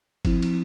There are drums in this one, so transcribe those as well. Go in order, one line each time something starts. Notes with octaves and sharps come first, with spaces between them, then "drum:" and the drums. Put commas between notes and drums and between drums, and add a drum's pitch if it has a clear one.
F3 C4 E4, drum: kick G1, cymbal
drum: cymbal